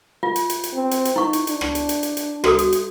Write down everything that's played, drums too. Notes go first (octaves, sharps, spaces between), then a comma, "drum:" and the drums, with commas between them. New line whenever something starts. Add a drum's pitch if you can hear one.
F4
drum: hi-hat
drum: hi-hat
drum: hi-hat
C4
drum: hi-hat
drum: hi-hat
D#4 E4 C#6
drum: hi-hat
D4, drum: hi-hat
drum: rim click
drum: hi-hat
drum: hi-hat
drum: hi-hat
drum: hi-hat
F#4 A4 D#6, drum: rim click
drum: hi-hat
drum: hi-hat